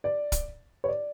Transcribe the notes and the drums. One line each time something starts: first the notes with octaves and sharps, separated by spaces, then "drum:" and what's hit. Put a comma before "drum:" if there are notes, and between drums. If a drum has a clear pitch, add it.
D5
drum: kick, hi-hat
C#5
D5